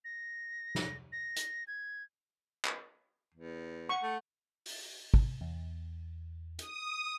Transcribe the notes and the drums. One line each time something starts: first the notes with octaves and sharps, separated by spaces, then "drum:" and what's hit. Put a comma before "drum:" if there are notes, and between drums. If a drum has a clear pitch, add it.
A#6
drum: snare
A#6
drum: hi-hat
G#6
drum: clap
E2
F#5 C#6
A3
drum: open hi-hat
drum: kick
E2
D#6, drum: hi-hat